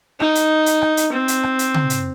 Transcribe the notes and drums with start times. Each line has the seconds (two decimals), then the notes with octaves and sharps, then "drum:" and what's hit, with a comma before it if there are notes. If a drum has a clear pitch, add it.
0.20 D#4, drum: rim click
0.35 drum: hi-hat
0.66 drum: hi-hat
0.82 drum: rim click
0.97 drum: hi-hat
1.12 C4
1.28 drum: hi-hat
1.43 drum: rim click
1.59 drum: hi-hat
1.74 drum: tom C#3
1.90 drum: hi-hat